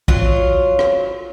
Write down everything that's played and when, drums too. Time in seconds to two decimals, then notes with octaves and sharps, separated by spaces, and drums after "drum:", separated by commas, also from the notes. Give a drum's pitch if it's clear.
0.08 F#3 F4, drum: kick A#1
0.79 drum: rim click